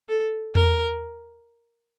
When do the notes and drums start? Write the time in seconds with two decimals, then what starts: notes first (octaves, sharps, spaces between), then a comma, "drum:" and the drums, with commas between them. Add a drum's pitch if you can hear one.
0.09 A4
0.55 A#4, drum: tom E2